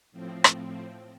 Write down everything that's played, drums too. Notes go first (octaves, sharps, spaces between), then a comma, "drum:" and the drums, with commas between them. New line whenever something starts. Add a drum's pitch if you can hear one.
A2 F3 C4
drum: rim click